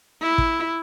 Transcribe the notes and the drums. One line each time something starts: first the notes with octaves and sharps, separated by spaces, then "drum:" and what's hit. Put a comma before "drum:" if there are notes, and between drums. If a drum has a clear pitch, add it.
E4
drum: kick